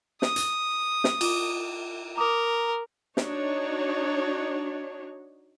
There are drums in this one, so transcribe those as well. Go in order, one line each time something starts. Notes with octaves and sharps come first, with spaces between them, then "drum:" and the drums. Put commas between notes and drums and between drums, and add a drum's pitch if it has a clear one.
D#6, drum: snare
drum: hi-hat
drum: snare
F4 D6, drum: cymbal
A#4 A#5 D6 D#6
D4 D#4 F#4 C#5, drum: snare